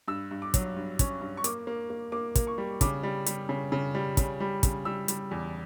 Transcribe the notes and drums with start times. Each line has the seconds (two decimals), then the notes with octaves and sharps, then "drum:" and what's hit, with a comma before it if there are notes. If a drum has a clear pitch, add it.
0.08 G2 E6
0.31 G2
0.42 D6
0.54 F#3, drum: kick, hi-hat
0.76 G2
0.99 C#4, drum: kick, hi-hat
1.21 G2
1.37 C#6
1.44 A#3 D6, drum: hi-hat
1.67 A#3
1.90 A#3
2.12 A#3 D6
2.35 A#3, drum: kick, hi-hat
2.47 C#6
2.58 G3
2.81 C#3 D6, drum: kick, hi-hat
3.03 G3
3.26 G3, drum: hi-hat
3.49 C#3
3.72 C#3
3.95 G3
4.17 C#3, drum: kick, hi-hat
4.40 G3
4.63 C#3, drum: kick, hi-hat
4.85 G3 E6
5.08 G3, drum: hi-hat
5.31 E2